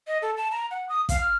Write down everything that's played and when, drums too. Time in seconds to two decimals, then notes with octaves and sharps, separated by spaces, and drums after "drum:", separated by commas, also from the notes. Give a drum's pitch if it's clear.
0.07 D#5
0.22 A4
0.37 A5
0.52 A#5
0.71 F#5
0.89 D#6
1.09 F5, drum: kick, hi-hat
1.21 F6